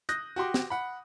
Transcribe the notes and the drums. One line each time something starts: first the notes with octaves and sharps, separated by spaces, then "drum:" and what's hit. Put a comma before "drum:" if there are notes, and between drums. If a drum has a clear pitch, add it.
D#6 F#6 G6 A#6, drum: hi-hat
F#4 G4 C6 D6
drum: snare
F#5 B5